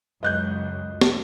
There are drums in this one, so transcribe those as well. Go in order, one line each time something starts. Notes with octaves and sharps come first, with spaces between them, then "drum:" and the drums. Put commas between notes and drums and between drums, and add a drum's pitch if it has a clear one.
C#2 F#2 D#5 F#6 G6
drum: snare